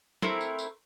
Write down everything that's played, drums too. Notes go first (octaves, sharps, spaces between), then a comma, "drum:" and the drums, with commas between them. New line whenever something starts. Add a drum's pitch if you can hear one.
A3 C4 E4 A#4, drum: snare
drum: tambourine
drum: tambourine